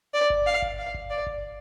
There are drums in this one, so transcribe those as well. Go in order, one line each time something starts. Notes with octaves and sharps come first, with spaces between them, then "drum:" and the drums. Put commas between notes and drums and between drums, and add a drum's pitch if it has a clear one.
D5
drum: kick G1
F5
drum: kick G1
F5
drum: kick G1
D5
drum: kick G1